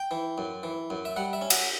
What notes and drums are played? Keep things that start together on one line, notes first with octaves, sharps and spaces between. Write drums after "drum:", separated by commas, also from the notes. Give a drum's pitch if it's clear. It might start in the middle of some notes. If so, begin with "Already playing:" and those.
Already playing: G5
E3
F#2
E3
F#2
E5
G3 F#5
E5
C#4
F#4, drum: cymbal